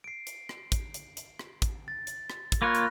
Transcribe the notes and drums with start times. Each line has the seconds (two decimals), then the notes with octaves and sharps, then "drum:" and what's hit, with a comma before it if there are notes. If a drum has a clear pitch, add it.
0.04 C7 D7
0.27 drum: hi-hat
0.49 drum: rim click
0.72 drum: kick, hi-hat
0.94 drum: hi-hat
1.17 drum: hi-hat
1.39 drum: rim click
1.62 drum: kick, hi-hat
1.88 A6
2.07 drum: hi-hat
2.30 drum: rim click
2.52 drum: kick, hi-hat
2.62 A#3 F4 C#5 B5 F#6 A#6
2.75 drum: hi-hat